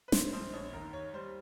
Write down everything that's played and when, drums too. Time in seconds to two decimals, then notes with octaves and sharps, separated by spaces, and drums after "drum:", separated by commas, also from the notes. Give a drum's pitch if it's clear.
0.08 B4
0.12 A#1 C5, drum: snare
0.33 A#1 C5
0.53 A#1 C#5
0.73 D#2 A#4
0.93 D#2 C#5
1.14 G3 C5